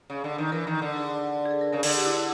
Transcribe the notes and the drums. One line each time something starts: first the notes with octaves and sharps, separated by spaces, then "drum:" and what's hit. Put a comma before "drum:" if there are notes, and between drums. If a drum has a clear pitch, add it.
C#3
D3
D#3
E3 A#4
D#3
D3
G#4
G#4
A4
A#4
C#3 A#4
D3 G#4, drum: cymbal
G4
E4
E4